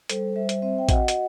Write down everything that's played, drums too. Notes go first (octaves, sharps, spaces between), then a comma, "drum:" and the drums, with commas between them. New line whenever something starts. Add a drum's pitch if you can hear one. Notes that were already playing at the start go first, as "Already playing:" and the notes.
G3 A4 C5, drum: hi-hat
G3 C5 E5
drum: hi-hat
C4 C5 E5
G5
F#4 D#5 F#5, drum: kick A1, hi-hat
drum: hi-hat